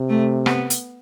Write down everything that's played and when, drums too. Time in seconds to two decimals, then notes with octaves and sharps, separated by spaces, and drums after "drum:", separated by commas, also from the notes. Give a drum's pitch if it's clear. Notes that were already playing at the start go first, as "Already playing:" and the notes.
Already playing: C3
0.09 A3
0.46 B3, drum: rim click
0.70 drum: hi-hat